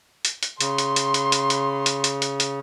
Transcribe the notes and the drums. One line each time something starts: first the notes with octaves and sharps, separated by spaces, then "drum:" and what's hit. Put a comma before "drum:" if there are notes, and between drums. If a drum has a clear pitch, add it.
drum: hi-hat
drum: hi-hat
C#3 C6, drum: hi-hat
drum: hi-hat
drum: hi-hat
drum: hi-hat
drum: hi-hat
drum: hi-hat
drum: hi-hat
drum: hi-hat
drum: hi-hat
drum: hi-hat